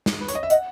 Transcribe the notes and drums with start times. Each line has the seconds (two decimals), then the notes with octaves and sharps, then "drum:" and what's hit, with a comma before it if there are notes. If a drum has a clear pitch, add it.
0.06 drum: snare
0.21 B4
0.28 C#5, drum: hi-hat
0.35 D#5
0.43 E5
0.50 D#5 F#5, drum: hi-hat